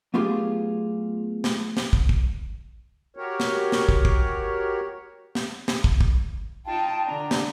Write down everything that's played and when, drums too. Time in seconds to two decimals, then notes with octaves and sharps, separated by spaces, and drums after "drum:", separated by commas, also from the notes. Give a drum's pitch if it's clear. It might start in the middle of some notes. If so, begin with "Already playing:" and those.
0.14 F#3 A3 B3 F4 G4 G#4
1.44 drum: snare
1.77 drum: snare
1.93 drum: kick
2.09 drum: kick
3.17 F#4 G4 A#4 C#5
3.40 drum: snare
3.72 drum: snare
3.89 drum: kick
4.05 drum: kick
5.35 drum: snare
5.68 drum: snare
5.84 drum: kick
6.01 drum: kick
6.66 D#4 F4 G5 A5
7.06 D3 D4 A#5
7.31 drum: snare